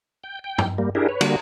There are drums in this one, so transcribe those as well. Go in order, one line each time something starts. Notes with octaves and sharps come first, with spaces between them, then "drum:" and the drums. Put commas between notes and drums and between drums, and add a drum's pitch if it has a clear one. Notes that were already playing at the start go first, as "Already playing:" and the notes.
G5
G5
drum: tom
G3 A#3
D4 E4 G4 G#4 A#4
B4 C#5
D3 G3 A#3 F#4, drum: cymbal